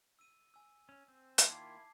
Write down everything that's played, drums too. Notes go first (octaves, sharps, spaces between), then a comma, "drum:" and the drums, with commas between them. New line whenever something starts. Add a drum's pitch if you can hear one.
E6 D#7
G#5 E6
C#4
C4
D#3 A#3 F4 A5, drum: hi-hat
E4 D6 G#6 C7